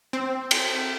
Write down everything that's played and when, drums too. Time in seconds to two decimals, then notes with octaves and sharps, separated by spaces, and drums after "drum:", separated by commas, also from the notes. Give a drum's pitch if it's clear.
0.13 C4
0.51 drum: cymbal